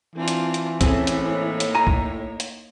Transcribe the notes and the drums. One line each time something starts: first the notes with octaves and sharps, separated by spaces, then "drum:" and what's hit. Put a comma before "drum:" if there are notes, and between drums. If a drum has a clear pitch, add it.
E3 C4 D4 F4
drum: hi-hat
drum: hi-hat
A2 C4 C#4 G#4 A4, drum: kick C2, hi-hat
drum: hi-hat
A#3 D#4 C#5
drum: hi-hat
G#5 A#5
drum: kick C2
drum: hi-hat